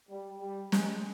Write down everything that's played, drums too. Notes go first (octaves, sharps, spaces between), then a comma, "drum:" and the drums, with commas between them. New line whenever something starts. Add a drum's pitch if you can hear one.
G3
G3
G#3, drum: snare